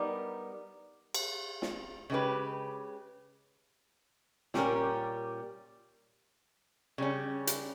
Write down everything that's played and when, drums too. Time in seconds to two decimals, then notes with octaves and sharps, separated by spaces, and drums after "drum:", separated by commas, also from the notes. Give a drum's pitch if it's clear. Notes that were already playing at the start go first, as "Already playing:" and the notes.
Already playing: G3 B3 D#4 A#4
1.14 drum: cymbal
1.62 drum: snare
2.10 C#3 G#3 B3 G4 B4
4.54 A#2 G3 C#4 G4 A#4, drum: snare
6.98 C#3 G3 C#4
7.47 drum: hi-hat